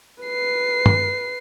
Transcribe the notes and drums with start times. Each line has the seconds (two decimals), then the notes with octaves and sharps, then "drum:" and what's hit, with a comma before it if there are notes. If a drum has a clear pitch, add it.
0.24 B4 C7
0.86 drum: tom G2